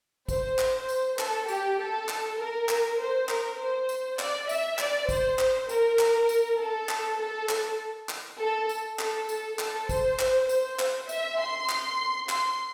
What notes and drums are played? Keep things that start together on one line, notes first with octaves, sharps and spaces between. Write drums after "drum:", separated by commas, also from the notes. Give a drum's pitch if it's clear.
C5, drum: kick, tambourine
drum: clap
drum: tambourine
A4, drum: clap
G4, drum: tambourine
A4
drum: clap
A#4
drum: clap
C5
A#4, drum: clap
C5
drum: tambourine
D5, drum: clap
E5, drum: tambourine
D5, drum: clap
C5, drum: kick, tambourine
drum: clap
A#4, drum: tambourine
drum: clap
drum: tambourine
A4
drum: clap
A4
drum: clap
drum: clap
A4
drum: tambourine
A4, drum: clap
A4, drum: tambourine
A4, drum: clap
C5, drum: kick, tambourine
drum: clap
C5, drum: tambourine
drum: clap
E5, drum: tambourine
C6
drum: clap
C6, drum: clap